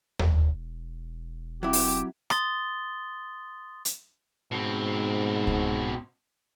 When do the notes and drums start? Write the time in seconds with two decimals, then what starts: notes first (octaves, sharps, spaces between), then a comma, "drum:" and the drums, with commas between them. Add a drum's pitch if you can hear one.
0.19 E1, drum: tom D#2
1.63 F#3 C4 E4 G4
1.73 drum: open hi-hat
2.30 C6 D#6 A6 G7, drum: rim click
3.85 drum: hi-hat
4.52 G#2 B2 C4
5.47 drum: kick C2